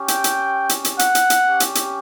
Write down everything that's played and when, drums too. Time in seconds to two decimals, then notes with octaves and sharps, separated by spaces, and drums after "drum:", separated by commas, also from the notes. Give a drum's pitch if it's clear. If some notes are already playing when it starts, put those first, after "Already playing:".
Already playing: C#4 G4
0.08 G5, drum: hi-hat
0.24 drum: hi-hat
0.69 drum: hi-hat
0.85 drum: hi-hat
0.99 F#5, drum: hi-hat
1.15 drum: hi-hat
1.30 drum: hi-hat
1.46 C#4 G4
1.60 drum: hi-hat
1.75 drum: hi-hat